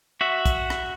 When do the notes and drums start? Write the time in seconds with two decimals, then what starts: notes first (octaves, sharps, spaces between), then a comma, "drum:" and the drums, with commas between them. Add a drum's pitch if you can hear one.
0.21 F#4 E5
0.46 drum: kick, hi-hat
0.70 drum: rim click